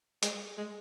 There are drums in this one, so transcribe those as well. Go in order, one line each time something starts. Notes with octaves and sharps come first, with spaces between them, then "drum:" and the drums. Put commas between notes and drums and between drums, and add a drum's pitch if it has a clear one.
G#3, drum: hi-hat
G#3